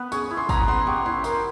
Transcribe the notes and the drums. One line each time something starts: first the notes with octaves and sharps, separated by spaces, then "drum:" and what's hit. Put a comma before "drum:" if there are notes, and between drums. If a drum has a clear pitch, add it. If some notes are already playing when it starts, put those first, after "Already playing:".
Already playing: B3 B4
G#4 C#6, drum: tambourine
E4
C6
B3 A#5, drum: kick, tambourine
B3 C6
G4 C#6
E4 C6
A#4 C6, drum: tambourine